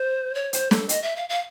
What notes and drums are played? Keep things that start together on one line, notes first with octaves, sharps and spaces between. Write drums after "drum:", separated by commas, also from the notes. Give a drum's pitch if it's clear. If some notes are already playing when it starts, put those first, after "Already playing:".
Already playing: C5
C#5
C5, drum: hi-hat
A4, drum: snare
D#5, drum: hi-hat
E5
F5
F5